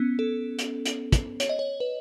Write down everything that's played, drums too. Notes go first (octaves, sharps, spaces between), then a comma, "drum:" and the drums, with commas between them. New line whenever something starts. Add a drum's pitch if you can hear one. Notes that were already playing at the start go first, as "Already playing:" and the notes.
Already playing: B3 C#4
A4
drum: hi-hat
drum: hi-hat
drum: kick, hi-hat
C#5, drum: hi-hat
D#5
C#5
B4